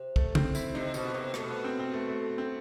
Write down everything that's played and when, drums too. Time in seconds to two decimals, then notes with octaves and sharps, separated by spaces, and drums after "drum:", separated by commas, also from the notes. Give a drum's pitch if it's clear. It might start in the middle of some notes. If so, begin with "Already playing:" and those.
Already playing: C3
0.16 A3, drum: kick
0.35 C4, drum: tom C#3
0.55 E4, drum: tambourine
0.75 C3 D#4
0.94 B2, drum: tambourine
1.05 B3
1.14 C3
1.34 B2 A3, drum: rim click
1.50 B3
1.64 C4
1.79 C4
1.93 A3
2.08 A3
2.38 C4